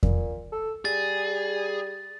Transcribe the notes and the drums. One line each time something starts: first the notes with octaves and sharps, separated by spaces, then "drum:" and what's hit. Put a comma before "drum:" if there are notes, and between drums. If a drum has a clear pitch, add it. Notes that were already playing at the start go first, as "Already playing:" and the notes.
A#2, drum: kick E2
A4
G3 G#4 A6